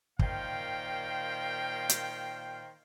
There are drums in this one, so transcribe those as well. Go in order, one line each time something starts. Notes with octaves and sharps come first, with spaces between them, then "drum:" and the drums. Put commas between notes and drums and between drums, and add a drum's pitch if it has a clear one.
A#2 D#3 C5 F5 G5, drum: kick
drum: hi-hat